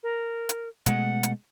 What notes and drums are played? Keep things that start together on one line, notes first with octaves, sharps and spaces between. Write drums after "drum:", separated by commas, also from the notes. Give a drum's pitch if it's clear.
A#4
drum: hi-hat
B2 G#3 A3 F#5, drum: hi-hat
drum: hi-hat